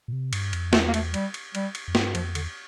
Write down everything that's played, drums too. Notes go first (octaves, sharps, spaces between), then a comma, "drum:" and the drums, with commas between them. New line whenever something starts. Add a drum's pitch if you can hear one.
A#2
C3
G2, drum: cymbal
F2, drum: cymbal
E2 A3, drum: snare
A#3
A3, drum: cymbal
G3, drum: cymbal
drum: cymbal
G3, drum: cymbal
drum: cymbal
F2
G2, drum: snare
F2 F3, drum: cymbal
E2 D3, drum: cymbal